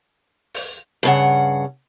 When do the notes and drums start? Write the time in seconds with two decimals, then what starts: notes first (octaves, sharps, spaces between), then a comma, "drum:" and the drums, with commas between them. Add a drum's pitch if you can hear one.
0.54 drum: open hi-hat
1.03 G2 C#3 F#5